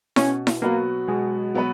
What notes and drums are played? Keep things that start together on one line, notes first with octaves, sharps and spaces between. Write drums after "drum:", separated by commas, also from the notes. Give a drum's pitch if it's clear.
B2 C#4, drum: snare E4
drum: snare E4
F#3 A#3 B3 F#4 B4
B2 G#3
F#3 B3 F#4 B4